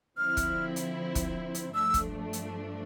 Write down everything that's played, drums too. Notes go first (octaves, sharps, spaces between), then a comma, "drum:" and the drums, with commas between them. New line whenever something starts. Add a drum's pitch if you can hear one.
D3 F3 C4 E4 F6
drum: kick, hi-hat
drum: hi-hat
drum: kick, hi-hat
drum: hi-hat
G2 F3 A3 D4 E6
drum: kick, hi-hat
drum: hi-hat